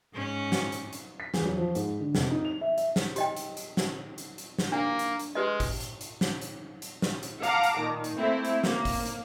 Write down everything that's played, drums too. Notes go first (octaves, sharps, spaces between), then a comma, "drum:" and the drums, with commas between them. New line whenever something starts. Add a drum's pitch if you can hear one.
G#2 C#4
drum: snare
drum: hi-hat
drum: hi-hat
B6
E2, drum: snare
F#3
F3
G#2, drum: hi-hat
D3
F1, drum: snare
D#4
F7
E5
E5, drum: hi-hat
drum: snare
G4 D#5 G5, drum: hi-hat
drum: hi-hat
drum: hi-hat
drum: snare
drum: hi-hat
drum: hi-hat
drum: snare
A#3 D4
drum: hi-hat
drum: hi-hat
G#3 G4 B4 D#5
drum: kick G#1, open hi-hat
drum: hi-hat
drum: hi-hat
drum: snare
drum: hi-hat
drum: hi-hat
drum: snare
drum: hi-hat
F5 F#5 A5 A#5 D6, drum: hi-hat
drum: hi-hat
A#2 D#3
drum: hi-hat
A3 A#3 C4 E4
drum: hi-hat
A#3, drum: snare
drum: kick G#1, open hi-hat
drum: hi-hat